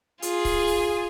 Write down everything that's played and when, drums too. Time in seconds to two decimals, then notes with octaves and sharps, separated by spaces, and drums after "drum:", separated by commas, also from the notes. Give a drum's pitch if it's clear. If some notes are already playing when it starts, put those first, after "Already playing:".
0.22 F4 G#4, drum: hi-hat
0.45 drum: kick C#1, open hi-hat
0.67 drum: open hi-hat